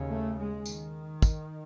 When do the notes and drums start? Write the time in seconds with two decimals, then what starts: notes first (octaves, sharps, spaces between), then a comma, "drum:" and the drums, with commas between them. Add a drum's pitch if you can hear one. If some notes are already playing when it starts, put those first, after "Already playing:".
Already playing: D#2 C#3
0.10 A3
0.38 G#3
0.66 D#3, drum: tambourine
1.22 drum: kick, tambourine